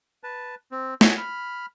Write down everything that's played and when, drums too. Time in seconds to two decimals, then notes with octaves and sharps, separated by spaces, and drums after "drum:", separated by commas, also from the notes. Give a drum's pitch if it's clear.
0.23 B4 A5
0.71 C4
1.01 F#4 C#5 G#5, drum: snare
1.18 B5 F6